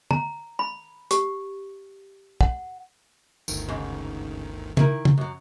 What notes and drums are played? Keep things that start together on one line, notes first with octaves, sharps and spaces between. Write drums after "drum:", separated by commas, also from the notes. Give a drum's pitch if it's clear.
A#5, drum: tom
B5
G4, drum: hi-hat
F#5, drum: kick
G1 D2 D#3, drum: tambourine
G#2 C#3
D#3 E4 A#4, drum: tom
drum: tom
F#2 F#3